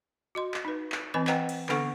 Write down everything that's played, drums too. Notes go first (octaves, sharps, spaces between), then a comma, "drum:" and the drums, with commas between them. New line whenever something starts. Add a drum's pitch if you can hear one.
F#4 D#5 C6
drum: clap
D#4 B4
drum: clap
E3 C4 B4 D#5 G#5 B5
B4 C5 D#5 F#5 G5 A#5, drum: clap
drum: cymbal
D3 B3 D4 A4 F#5 C#6, drum: clap